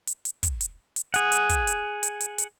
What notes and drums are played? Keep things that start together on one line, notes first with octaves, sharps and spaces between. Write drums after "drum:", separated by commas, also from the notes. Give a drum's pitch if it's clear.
drum: hi-hat
drum: hi-hat
drum: kick, hi-hat
drum: hi-hat
drum: hi-hat
G#4 F#5, drum: hi-hat
drum: hi-hat
drum: kick, hi-hat
drum: hi-hat
drum: hi-hat
drum: hi-hat
drum: hi-hat